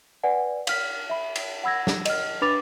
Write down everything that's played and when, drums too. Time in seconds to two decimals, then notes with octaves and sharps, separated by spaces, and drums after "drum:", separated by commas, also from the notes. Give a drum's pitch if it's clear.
0.23 B4 D5 F#5 G#5
0.67 F5 F6 B6, drum: cymbal
1.10 E5 B5
1.36 drum: cymbal
1.64 F#5 B5 E6 G#6 A#6
1.87 drum: snare
2.05 D#5 F6, drum: cymbal
2.41 D4 B4 B5 D6 A6 F7